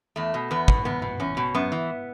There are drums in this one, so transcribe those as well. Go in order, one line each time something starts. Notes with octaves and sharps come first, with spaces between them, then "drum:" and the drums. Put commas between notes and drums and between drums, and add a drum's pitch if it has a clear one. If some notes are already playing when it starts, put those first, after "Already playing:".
E2 A3
B2
E2 B3
B2, drum: kick
E2 B3
B2
E2 C#4
B2
F#2 B3
E3